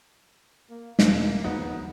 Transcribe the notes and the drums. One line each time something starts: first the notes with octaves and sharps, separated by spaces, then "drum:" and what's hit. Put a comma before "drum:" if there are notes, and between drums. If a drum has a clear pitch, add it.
A#3
E2 B2 A#3, drum: snare
D#2 C#3 F3 B3 D#4 F#4